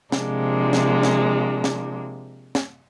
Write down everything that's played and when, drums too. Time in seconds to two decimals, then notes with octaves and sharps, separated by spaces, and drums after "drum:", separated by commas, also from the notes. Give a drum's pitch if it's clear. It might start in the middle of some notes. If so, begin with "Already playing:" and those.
0.12 C3 F3 G#3 A#3 D4, drum: snare
0.73 drum: snare
1.03 drum: snare
1.64 drum: snare
2.55 drum: snare